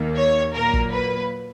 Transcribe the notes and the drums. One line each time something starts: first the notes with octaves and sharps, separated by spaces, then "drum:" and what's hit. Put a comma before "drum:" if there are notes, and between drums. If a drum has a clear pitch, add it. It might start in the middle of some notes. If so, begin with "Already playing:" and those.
Already playing: D#2 D#3 A#3
C#5
A#2 F#3 A#3 A#4
drum: kick
B4